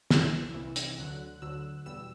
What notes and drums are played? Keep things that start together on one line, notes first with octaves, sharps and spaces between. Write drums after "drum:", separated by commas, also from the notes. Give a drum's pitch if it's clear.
C2 C3 E3 E6, drum: snare
C2 C3 E3
drum: hi-hat
D2 D3 F#3 F#6
D2 D3 F#3 E6
E2 B2 G3 E6